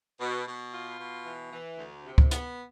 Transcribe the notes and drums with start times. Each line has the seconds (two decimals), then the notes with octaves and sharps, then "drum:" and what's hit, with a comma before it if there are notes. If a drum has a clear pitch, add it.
0.21 B2
0.48 B2
0.74 F4
1.00 B2
1.26 E3
1.53 E3
1.78 D2
2.05 C3
2.18 drum: kick C#2
2.31 B3, drum: hi-hat